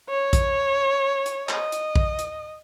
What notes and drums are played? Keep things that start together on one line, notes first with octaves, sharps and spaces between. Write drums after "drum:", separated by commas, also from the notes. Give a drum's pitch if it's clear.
C#5
drum: kick A#1, hi-hat
drum: hi-hat
D#5, drum: clap
drum: hi-hat
drum: kick A#1
drum: hi-hat